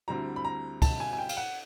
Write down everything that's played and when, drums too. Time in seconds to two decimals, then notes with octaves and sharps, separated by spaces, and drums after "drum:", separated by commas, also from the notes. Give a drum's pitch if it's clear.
0.08 D2 D3 G3 C4 E4 A#5
0.36 B5
0.45 A#5
0.82 A5, drum: kick, cymbal
1.00 G#5
1.13 G#5
1.18 G5
1.29 F5, drum: cymbal
1.37 F#5